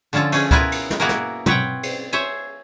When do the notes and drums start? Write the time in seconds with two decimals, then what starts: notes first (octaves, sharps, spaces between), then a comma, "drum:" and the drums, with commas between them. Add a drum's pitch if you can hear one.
0.13 D3 F3 C#4 F4 A4
0.32 A3 C#4 G#4, drum: cymbal
0.51 B3 E4 F4 A#4 B4 G#5, drum: kick C#2
0.72 drum: cymbal
0.90 drum: snare
1.00 A#3 B3 E4 F#4 G#4 A#4
1.09 drum: snare
1.46 C4 B4 C#5 F#5 G5, drum: tom
1.83 drum: cymbal
2.13 C5 C#5 E5 G#5